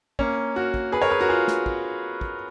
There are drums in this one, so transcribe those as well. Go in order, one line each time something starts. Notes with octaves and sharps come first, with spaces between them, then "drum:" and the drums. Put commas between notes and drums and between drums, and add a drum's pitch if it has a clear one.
A#3 C#4, drum: kick
F#4 A#4
drum: kick
G#4 B4
A#4 C#5
G#4 B4
F#4 A#4
F4 G#4
drum: snare
drum: kick
drum: kick